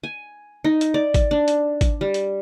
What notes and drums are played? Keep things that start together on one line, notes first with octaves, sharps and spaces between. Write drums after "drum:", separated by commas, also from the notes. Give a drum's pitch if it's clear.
G#5
D#4
drum: hi-hat
D5
drum: kick G#1, hi-hat
D4
drum: hi-hat
drum: kick G#1, hi-hat
G3
drum: hi-hat